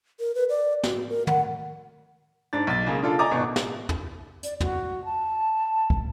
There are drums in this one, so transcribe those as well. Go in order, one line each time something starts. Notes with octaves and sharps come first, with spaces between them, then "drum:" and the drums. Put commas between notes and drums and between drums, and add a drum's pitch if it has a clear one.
A#4
B4
D5
F#4, drum: snare
A#4
F#5, drum: tom
G#2 D4 A6
B1 A6
C#3 G#3 A#3
D4 F4 A4
D5 D#5 G#5 A#5 D6
G#1 B2
drum: snare
drum: tom
D5, drum: hi-hat
F#4, drum: tom
A5
drum: kick